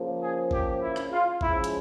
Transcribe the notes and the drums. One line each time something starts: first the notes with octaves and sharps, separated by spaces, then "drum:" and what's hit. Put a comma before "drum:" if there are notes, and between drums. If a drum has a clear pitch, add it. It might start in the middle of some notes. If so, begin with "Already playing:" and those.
Already playing: C#3 F3 A#3
G#4
G4, drum: kick
E4
drum: rim click
F4
C#3 F3 G#3 E4, drum: kick
drum: hi-hat